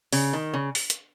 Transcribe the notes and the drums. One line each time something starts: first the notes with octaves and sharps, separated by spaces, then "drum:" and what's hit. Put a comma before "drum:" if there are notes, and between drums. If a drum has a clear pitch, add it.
C#3, drum: open hi-hat
D#3
C#3
drum: open hi-hat
drum: hi-hat